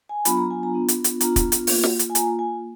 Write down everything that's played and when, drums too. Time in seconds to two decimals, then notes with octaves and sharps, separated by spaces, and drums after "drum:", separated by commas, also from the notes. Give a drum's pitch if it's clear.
0.09 G#5
0.25 F#3 B3 D4 F4 B5, drum: hi-hat
0.37 A#5
0.51 G#5
0.63 A#5
0.73 B3 D4 F4
0.88 drum: hi-hat
1.04 drum: hi-hat
1.21 B3 D4 F4 A#5, drum: hi-hat
1.36 drum: kick, hi-hat
1.52 drum: hi-hat
1.67 A#3 F4, drum: open hi-hat
1.83 drum: snare
1.99 drum: hi-hat
2.10 G#5
2.15 A#3 F4 A#5, drum: hi-hat
2.39 G#5